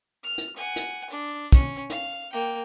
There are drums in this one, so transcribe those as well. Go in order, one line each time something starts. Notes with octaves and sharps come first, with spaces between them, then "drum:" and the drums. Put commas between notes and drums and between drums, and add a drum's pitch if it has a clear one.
F6
drum: hi-hat
F#5 G#5
drum: hi-hat
D4
C#4, drum: kick, hi-hat
F5, drum: hi-hat
A#3 G5